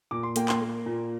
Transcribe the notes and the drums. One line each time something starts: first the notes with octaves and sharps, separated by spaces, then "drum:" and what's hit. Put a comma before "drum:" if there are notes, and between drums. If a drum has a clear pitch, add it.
A#2 D6
C6
A#3 G5, drum: hi-hat
C6, drum: clap
A#3
A#2